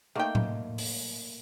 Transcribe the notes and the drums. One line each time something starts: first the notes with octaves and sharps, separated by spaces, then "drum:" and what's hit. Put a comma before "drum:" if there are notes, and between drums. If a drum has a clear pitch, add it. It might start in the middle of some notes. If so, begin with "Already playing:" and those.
D#3 A3 A#3 D#4 G5
drum: tom A2
drum: open hi-hat